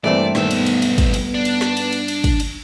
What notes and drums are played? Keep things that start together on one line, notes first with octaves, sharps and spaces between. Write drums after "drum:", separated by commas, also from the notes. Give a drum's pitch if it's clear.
G2 E3 G3 A3 A#3 C4 D5
B1 A#2 D#3 B3 E5, drum: snare
drum: cymbal
drum: cymbal
drum: cymbal
drum: kick, cymbal
drum: cymbal
D4
drum: cymbal
drum: snare
drum: cymbal
drum: cymbal
drum: cymbal
drum: kick, cymbal
drum: cymbal